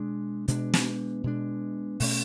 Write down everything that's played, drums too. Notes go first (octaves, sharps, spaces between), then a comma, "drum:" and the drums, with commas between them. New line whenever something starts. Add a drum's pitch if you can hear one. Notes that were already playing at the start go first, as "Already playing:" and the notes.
Already playing: B2 G#3 D4
B2 G#3 D4, drum: hi-hat
drum: snare
B2 G#3 D4
B2 A3 C#4, drum: open hi-hat